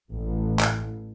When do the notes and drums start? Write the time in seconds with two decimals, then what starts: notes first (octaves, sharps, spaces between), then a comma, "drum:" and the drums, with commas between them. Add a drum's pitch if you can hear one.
0.15 A1
0.60 drum: clap